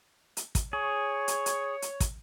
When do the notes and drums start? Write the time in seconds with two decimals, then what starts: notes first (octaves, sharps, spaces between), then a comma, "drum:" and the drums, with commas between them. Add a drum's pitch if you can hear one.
0.37 drum: hi-hat
0.55 drum: kick, hi-hat
0.73 G#4 C#5
1.28 drum: hi-hat
1.46 drum: hi-hat
1.82 drum: hi-hat
2.00 drum: kick, hi-hat